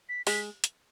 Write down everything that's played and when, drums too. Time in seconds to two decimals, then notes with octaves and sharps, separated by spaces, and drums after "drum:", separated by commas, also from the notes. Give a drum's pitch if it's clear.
0.09 B6
0.27 G#3 B6, drum: open hi-hat
0.64 drum: hi-hat